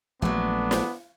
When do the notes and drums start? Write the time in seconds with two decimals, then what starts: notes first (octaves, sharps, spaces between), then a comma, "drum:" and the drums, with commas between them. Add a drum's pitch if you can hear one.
0.22 A#1 F#3 A3 B3 D4
0.71 drum: snare